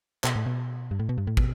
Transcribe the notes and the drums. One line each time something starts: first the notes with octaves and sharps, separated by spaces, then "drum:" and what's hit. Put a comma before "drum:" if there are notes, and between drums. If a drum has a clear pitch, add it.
B2, drum: clap
A2
B2
G2
A2
B2
G2
A2
B2, drum: kick